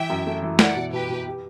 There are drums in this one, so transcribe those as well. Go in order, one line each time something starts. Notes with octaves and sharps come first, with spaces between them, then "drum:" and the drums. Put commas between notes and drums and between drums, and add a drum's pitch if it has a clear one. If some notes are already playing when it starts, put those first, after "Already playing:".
Already playing: E3 E5 G5
F#2
A3
E3
E4 D5 F#5, drum: snare
B2
B2 G4 B4
B2
G4